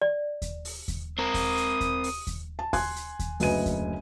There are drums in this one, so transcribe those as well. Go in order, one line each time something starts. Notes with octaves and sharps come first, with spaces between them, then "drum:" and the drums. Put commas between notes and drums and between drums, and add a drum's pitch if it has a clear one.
D5
drum: kick D#2, hi-hat
drum: open hi-hat
drum: kick D#2, hi-hat
C4 A#4 D#6
drum: kick D#2, open hi-hat
drum: hi-hat
drum: kick D#2, hi-hat
drum: open hi-hat
drum: kick D#2, hi-hat
A5
G#5 C6 F#6 G#6, drum: kick D#2, open hi-hat
drum: hi-hat
drum: kick D#2, hi-hat
F#1 D2 B4 D#5 G#5 D#7, drum: open hi-hat
drum: kick D#2, hi-hat